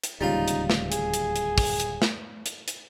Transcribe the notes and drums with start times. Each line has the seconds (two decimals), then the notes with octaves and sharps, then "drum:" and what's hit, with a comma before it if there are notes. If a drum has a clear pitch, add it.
0.04 drum: hi-hat
0.21 D1 D#2 C#3 G3 D#4 F4 F5
0.48 drum: hi-hat
0.70 drum: snare
0.92 G#4, drum: hi-hat
1.14 drum: hi-hat
1.36 drum: hi-hat
1.58 drum: kick, open hi-hat
1.80 drum: hi-hat
2.02 drum: snare
2.46 drum: hi-hat
2.68 drum: hi-hat